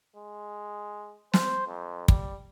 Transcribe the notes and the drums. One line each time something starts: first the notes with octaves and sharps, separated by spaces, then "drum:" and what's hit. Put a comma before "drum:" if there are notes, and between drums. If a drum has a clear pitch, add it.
G#3
C5, drum: snare
F2
G3, drum: kick